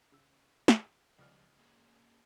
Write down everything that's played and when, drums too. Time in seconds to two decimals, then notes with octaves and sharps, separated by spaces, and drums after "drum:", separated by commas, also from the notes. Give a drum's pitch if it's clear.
0.12 C#3 E6
0.68 drum: snare
1.19 C#2 F3 G3 D5 F6
1.59 A#3 C#4 G#4